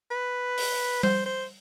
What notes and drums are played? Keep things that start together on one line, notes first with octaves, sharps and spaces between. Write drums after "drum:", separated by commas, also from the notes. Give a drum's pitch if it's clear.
B4
drum: open hi-hat
C5, drum: tom G3
C5